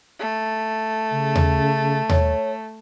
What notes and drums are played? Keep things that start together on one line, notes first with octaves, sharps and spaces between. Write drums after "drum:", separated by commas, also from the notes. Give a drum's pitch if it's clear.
A3
C#3
drum: tom D#2
C#5, drum: tom D#2